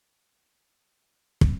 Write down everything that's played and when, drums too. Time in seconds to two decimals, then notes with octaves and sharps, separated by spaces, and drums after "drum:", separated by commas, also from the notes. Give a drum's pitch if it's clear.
0.19 G3 A#3 F#5 B5 C6 E6
1.41 drum: kick